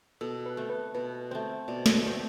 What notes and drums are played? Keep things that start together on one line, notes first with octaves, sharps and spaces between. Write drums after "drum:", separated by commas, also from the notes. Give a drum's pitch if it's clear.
B2 A4
B4
A3 C4
B4
B2 B4
A3 C4 C5
B2 D5
drum: snare
A3 C4